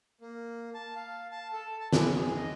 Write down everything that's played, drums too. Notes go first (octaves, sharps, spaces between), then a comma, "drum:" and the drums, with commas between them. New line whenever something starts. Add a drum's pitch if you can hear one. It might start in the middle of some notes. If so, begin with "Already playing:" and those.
A#3
A5
F5
A5
A4
A5
E4, drum: snare
G#4
D#5